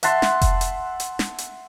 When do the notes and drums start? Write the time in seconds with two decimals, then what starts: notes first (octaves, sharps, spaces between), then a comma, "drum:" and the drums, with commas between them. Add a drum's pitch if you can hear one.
0.03 E5 F#5 A5 C6, drum: hi-hat
0.22 drum: snare
0.42 drum: kick F1, hi-hat
0.61 drum: hi-hat
1.00 drum: hi-hat
1.19 drum: snare
1.38 drum: hi-hat